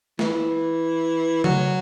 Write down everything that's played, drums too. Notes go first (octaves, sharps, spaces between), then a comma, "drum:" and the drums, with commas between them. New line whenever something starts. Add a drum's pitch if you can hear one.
E3, drum: snare
F#3, drum: tom C#3